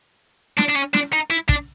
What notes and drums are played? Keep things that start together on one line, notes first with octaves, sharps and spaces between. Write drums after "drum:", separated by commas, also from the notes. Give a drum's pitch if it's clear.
D4, drum: snare
D4
C#4
D4, drum: snare
D#4
E4
D4, drum: kick